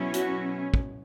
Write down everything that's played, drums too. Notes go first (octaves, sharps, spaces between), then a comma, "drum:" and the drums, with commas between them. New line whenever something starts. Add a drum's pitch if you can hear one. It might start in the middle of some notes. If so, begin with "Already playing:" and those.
Already playing: B2 F#3 C#4 E4
F#4, drum: hi-hat
drum: kick